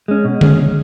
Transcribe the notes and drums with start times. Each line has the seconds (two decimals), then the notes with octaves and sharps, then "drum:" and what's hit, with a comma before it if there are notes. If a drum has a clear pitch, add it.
0.08 G#3 C#4
0.25 B2
0.41 G#3 C#4, drum: tom